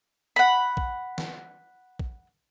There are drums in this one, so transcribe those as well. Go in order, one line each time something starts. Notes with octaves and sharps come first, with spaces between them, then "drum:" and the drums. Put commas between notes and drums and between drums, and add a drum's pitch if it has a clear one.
F#5 B5
drum: kick
drum: snare
drum: kick